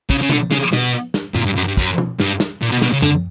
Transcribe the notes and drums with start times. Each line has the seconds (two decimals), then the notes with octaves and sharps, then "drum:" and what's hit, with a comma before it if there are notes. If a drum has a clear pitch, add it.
0.10 C#3, drum: kick, hi-hat
0.22 C#3
0.30 D3, drum: tom B2
0.51 C#3, drum: snare
0.73 B2, drum: snare
0.93 drum: hi-hat
1.14 drum: snare
1.35 A#2, drum: tom F#2
1.45 G2
1.56 F#2
1.67 G2
1.77 F#2, drum: kick, hi-hat
1.98 drum: tom B2
2.20 G2, drum: snare
2.40 drum: snare
2.62 A#2, drum: hi-hat
2.71 B2
2.81 B2, drum: snare
2.93 C#3
3.02 D3, drum: tom F#2